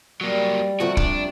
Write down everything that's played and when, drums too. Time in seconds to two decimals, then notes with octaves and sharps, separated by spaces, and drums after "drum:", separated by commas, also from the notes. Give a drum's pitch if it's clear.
0.21 F#3 G3 A#3
0.80 C3 F3 A3 F#4
0.97 D4, drum: kick